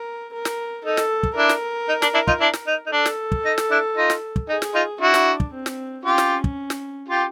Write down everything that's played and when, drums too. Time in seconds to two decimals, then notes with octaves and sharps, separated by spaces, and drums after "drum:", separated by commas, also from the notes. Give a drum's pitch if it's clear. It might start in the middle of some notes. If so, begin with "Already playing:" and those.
Already playing: A#4
0.33 A#4
0.45 drum: snare
0.85 D#4 A4
0.97 drum: snare
1.23 drum: kick
1.36 D4 E4 A#4
1.49 drum: snare
1.89 D#4
2.02 D4, drum: snare
2.14 D4 E4
2.27 D#4 F4, drum: kick
2.40 D4 E4
2.53 drum: snare
2.67 D#4
2.86 D#4
2.92 D4 A4
3.06 drum: snare
3.32 drum: kick
3.45 D#4
3.58 drum: snare
3.70 D4 E4
3.97 D#4 F4
4.10 drum: snare
4.36 drum: kick
4.49 D#4 G#4
4.62 drum: snare
4.75 D#4 F4
5.01 D4 E4 F#4
5.14 drum: snare
5.40 drum: kick
5.53 C4
5.66 drum: snare
6.05 C#4 F4 G4
6.18 drum: snare
6.44 drum: kick
6.70 drum: snare
7.08 F4 G4